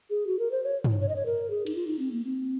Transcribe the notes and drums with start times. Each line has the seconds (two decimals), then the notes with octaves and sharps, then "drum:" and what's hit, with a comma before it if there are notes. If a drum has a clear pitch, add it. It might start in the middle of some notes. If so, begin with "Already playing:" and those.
0.10 G#4
0.27 F#4
0.39 A#4
0.51 C5
0.64 C#5
0.84 drum: tom
1.01 C#5
1.09 D#5
1.16 C#5
1.26 A#4
1.50 G#4
1.67 D#4, drum: cymbal
1.75 F4
1.87 D#4
1.99 C4
2.12 A#3
2.25 C4